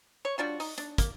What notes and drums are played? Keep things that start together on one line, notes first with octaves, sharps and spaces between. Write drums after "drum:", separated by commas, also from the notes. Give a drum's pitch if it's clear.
C#5
G3 D4 F4 F#4
D#4, drum: open hi-hat
D4, drum: hi-hat
A#3, drum: kick, hi-hat